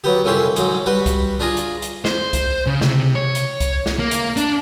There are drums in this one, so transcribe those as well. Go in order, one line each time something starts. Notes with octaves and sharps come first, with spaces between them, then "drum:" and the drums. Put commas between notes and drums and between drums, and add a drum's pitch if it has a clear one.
F#3 B3 G4
C2 F2 C#4 E4 G4 C6
G#2 F#3 G#3, drum: hi-hat
G3 F#4 B4
drum: kick C2, hi-hat
D4 F4 G#4 A#5
drum: hi-hat
drum: hi-hat
C5, drum: snare
drum: kick C2, hi-hat
C#3
C3, drum: snare
C#5
drum: hi-hat
drum: kick C2, hi-hat
drum: snare
A#3
drum: hi-hat
D4, drum: hi-hat